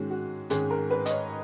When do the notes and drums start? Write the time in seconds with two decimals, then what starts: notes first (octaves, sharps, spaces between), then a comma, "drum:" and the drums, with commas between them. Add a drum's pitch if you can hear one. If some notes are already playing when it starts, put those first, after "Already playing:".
Already playing: G#2 D#3 G#3 C#4 F#4
0.10 F#4
0.50 G#2 D#3 G#3 C#4 G#4, drum: hi-hat
0.71 A#4
0.90 B4
1.06 D#5, drum: hi-hat
1.11 C#5